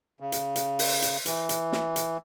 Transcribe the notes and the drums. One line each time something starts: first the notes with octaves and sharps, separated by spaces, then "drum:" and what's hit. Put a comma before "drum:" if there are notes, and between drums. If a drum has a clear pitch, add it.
C#3
drum: hi-hat
drum: hi-hat
drum: open hi-hat
drum: hi-hat
E3, drum: hi-hat
drum: hi-hat
drum: snare
drum: hi-hat